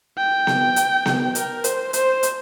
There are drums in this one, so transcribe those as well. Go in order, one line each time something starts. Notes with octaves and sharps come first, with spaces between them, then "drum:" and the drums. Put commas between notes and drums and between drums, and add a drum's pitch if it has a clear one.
G5
drum: snare B3
drum: hi-hat
drum: snare B3
A#4, drum: hi-hat
C5, drum: hi-hat
C5, drum: hi-hat
drum: hi-hat